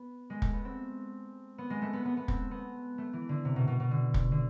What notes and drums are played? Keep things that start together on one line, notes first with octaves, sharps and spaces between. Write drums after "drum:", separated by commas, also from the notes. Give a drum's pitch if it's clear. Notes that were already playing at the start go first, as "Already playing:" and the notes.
Already playing: B3
G#3
A3, drum: kick
B3
C4
B3
G#3
A3
B3
B3
B3
C4, drum: kick
B3
A3
E3
D3
C3
B2
B2
B2
D3
drum: kick
D3